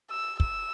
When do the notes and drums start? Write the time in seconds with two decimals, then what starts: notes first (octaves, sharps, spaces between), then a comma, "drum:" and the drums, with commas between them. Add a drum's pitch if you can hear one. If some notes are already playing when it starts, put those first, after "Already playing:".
0.10 E6
0.40 E6, drum: kick